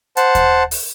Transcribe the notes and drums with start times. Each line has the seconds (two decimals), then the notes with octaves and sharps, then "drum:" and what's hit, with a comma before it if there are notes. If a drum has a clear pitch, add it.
0.17 C5 F#5 A5, drum: hi-hat
0.35 drum: kick D#2, hi-hat
0.71 drum: open hi-hat